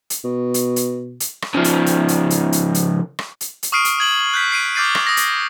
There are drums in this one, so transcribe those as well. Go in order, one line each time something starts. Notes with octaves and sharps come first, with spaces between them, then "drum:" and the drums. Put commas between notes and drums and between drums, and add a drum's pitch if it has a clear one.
drum: hi-hat
B2
drum: hi-hat
drum: hi-hat
drum: hi-hat
drum: rim click
C#3 F3
drum: hi-hat
drum: hi-hat
drum: hi-hat
drum: hi-hat
drum: hi-hat
drum: hi-hat
drum: rim click
drum: hi-hat
drum: hi-hat
C#6 D#6 F6 C7 D7 D#7
drum: hi-hat
D#6 G#6 F#7
F#6 G6 B6
F#6 C7 D7 D#7
D6 F6 G6 A6 C7 D#7
drum: rim click
D#6 A#6
drum: hi-hat